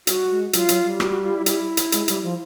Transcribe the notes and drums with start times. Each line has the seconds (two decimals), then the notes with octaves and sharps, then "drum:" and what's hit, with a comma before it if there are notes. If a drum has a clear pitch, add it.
0.07 G3 F#4, drum: hi-hat
0.30 G#3
0.53 F#3 F4, drum: hi-hat
0.69 F#3, drum: hi-hat
0.84 G3
1.00 F#4, drum: rim click
1.11 F#4
1.23 F4
1.35 E4
1.46 E4, drum: hi-hat
1.77 drum: hi-hat
1.92 G#3, drum: hi-hat
2.08 G3, drum: hi-hat
2.23 F3